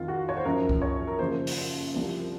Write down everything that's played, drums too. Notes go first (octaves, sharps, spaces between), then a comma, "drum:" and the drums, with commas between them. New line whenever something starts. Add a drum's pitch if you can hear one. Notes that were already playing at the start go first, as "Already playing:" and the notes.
Already playing: F2 D#3 F4
F#4
C#5
C5
F#2 F3 A#4
drum: kick C2
C#5
A#4
D#2 C#3 F3 C5
drum: open hi-hat
C2 C3 F3